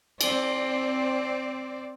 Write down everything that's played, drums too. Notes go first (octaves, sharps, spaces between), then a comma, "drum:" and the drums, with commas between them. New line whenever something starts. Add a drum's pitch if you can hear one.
C4 D5, drum: cymbal